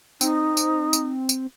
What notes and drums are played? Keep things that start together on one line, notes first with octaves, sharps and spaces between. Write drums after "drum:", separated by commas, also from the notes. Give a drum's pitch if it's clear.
C4 D#4, drum: tambourine
drum: tambourine
drum: tambourine
drum: tambourine